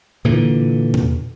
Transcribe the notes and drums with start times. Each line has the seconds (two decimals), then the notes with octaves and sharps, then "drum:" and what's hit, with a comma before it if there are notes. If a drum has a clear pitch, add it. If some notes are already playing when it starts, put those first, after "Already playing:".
0.25 A#2 D3 E3
0.94 drum: tom B2